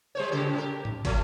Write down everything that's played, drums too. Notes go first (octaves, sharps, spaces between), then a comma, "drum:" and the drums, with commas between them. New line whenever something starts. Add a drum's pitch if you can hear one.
G3 C5 C#5
A#2 C#3 G4
G4 A#4
drum: tom G#2
F3 A3 A#3, drum: kick, cymbal